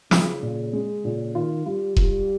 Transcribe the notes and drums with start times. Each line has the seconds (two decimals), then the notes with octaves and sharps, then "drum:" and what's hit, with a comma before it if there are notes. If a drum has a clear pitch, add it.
0.11 C#3 F4, drum: snare
0.42 A#2
0.73 G#3
1.04 A#2 C#3
1.35 D#3 F4
1.66 G3 F4
1.97 G3 F4, drum: kick E1